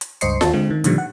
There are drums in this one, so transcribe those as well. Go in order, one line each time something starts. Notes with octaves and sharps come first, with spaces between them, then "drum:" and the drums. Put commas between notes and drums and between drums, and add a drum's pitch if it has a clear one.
drum: hi-hat
C#2 G2 C5 D#5 C7 C#7, drum: hi-hat
D#2 A5, drum: snare F4
D3 G#3 C4
D#3
A#2 D3 D#3 F3 G3, drum: hi-hat
F#5